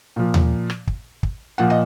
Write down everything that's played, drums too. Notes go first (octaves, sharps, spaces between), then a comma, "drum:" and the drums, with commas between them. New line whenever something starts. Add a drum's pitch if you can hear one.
A#2 F3
drum: tom D#2
drum: rim click
drum: kick
drum: kick
A#2 F3 F#5
D#5